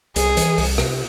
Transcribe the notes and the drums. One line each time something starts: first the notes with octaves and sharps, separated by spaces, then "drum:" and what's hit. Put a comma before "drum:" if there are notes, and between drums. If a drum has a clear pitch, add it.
C2 G#4, drum: hi-hat
E3, drum: hi-hat
C2, drum: open hi-hat
C3, drum: rim click